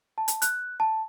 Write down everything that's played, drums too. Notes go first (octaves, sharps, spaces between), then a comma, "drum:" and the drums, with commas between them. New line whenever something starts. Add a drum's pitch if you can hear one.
A5
drum: hi-hat
F#6, drum: hi-hat
A5